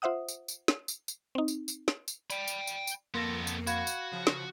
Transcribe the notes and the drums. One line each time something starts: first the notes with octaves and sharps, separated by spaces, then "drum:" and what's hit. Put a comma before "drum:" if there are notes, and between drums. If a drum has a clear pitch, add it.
F4 C5 E5 F#5 D#6
drum: tambourine
drum: tambourine
drum: snare
drum: tambourine
drum: tambourine
C4 D#4
drum: tambourine
drum: tambourine
drum: snare
drum: tambourine
D5 G5 B5, drum: tambourine
drum: tambourine
drum: tambourine
drum: tambourine
F2 A#3 B3 A4 C6 A#6 C#7
drum: tambourine
F#4 F5 B5 G#6, drum: tambourine
drum: tambourine
C#3 F3
drum: snare